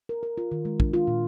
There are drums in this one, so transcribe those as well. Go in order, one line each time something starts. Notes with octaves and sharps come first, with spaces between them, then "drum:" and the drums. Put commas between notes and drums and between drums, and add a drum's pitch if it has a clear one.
A#4
A#4
F4
D#3
G#3
D4, drum: kick
F4
A#2